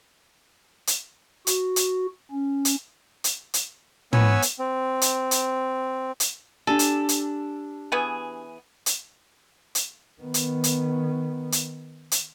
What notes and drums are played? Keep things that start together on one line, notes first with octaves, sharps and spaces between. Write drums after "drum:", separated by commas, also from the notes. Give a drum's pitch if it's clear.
drum: hi-hat
F#4, drum: hi-hat
drum: hi-hat
C#4
drum: hi-hat
drum: hi-hat
drum: hi-hat
B3 B4 C#5 G#5 E6, drum: tom
drum: hi-hat
C4
drum: hi-hat
drum: hi-hat
drum: hi-hat
D4 G4 A4 G#5
drum: hi-hat
drum: hi-hat
E3 B3 G#4
drum: hi-hat
drum: hi-hat
D#3 B3
drum: hi-hat
drum: hi-hat
drum: hi-hat
drum: hi-hat